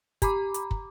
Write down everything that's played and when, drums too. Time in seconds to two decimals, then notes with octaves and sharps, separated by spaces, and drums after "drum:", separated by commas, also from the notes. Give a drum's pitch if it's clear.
0.22 G4 A#5 B5 D6, drum: kick, hi-hat
0.54 drum: hi-hat
0.71 drum: kick